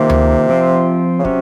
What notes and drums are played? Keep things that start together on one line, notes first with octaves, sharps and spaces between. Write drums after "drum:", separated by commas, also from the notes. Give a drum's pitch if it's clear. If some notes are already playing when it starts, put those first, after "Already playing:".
Already playing: C3 D#3 A#3 F4
drum: tom D2
F3 C4 F4
C#3
C3 F#3 C#4, drum: kick